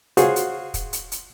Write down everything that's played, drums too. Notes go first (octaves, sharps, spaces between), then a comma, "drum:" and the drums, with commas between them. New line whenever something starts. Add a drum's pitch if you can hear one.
F4 F#4 G#4 C5 C#5 F#5, drum: hi-hat
drum: hi-hat
drum: kick, hi-hat
drum: hi-hat
drum: hi-hat